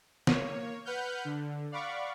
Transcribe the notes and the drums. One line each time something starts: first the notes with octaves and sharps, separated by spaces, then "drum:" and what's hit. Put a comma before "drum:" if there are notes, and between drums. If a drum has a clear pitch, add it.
A#3 C#5, drum: snare
B4 F#5 F6 G6
D3
D5 F5 F#5 B5 C#6 D6